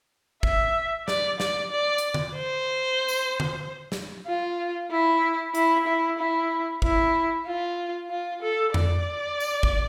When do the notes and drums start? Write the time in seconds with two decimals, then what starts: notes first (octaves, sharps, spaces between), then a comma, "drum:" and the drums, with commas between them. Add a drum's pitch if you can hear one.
0.43 E5, drum: kick
1.08 D5, drum: snare
1.40 D5, drum: snare
1.72 D5
1.98 drum: hi-hat
2.14 drum: tom D3
2.36 C5
3.08 drum: tambourine
3.40 drum: tom D3
3.92 drum: snare
4.27 F4
4.91 E4
5.55 E4, drum: hi-hat
5.87 E4
6.18 E4
6.82 E4, drum: kick
7.46 F4
8.10 F4
8.42 A4
8.74 D5, drum: tom F2
9.40 drum: tambourine
9.63 drum: kick